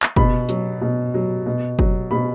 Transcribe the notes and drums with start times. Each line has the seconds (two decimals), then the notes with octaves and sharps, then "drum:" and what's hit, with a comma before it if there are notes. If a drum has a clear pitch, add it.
0.03 drum: clap
0.16 B2 B5, drum: kick
0.49 F#3, drum: hi-hat
0.81 B2
1.14 F#3
1.46 B2
1.79 F#3, drum: kick
2.11 B2 B5